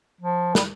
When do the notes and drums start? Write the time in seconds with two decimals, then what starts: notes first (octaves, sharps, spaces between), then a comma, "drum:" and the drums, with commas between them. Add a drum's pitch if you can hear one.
0.21 F3
0.55 G3, drum: snare